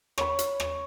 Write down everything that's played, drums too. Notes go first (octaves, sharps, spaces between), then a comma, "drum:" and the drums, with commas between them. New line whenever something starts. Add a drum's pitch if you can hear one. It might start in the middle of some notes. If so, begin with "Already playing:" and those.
C#5 B5, drum: rim click
drum: hi-hat
drum: rim click